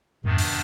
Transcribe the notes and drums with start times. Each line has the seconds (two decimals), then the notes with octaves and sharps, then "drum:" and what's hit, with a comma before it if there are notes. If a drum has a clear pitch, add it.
0.24 F2 G#2 C3 D#3 B3 D4
0.38 drum: open hi-hat